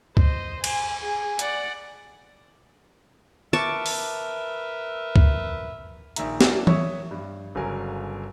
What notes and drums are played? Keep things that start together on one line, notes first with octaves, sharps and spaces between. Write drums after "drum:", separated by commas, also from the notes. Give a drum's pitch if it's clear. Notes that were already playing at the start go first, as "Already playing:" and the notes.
C5 D#5, drum: kick C#2
G#5, drum: cymbal
G#4 G#5
D5 F#5, drum: hi-hat
A#4 B4 E5 A5 C#6 D6
drum: open hi-hat
drum: kick C#2
A#1 D#3 E5 A#5, drum: hi-hat
F#3 A#3 D4 E4, drum: snare
C#5 E5 C#6 D#6, drum: tom E3
G2
G1 C#3 F#3 A#4 G#5